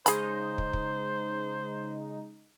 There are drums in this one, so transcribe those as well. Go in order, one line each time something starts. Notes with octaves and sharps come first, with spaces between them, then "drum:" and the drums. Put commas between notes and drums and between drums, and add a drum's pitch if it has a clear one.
C#3 G#3 D#4 G#4 C5 B5, drum: hi-hat
drum: kick
drum: kick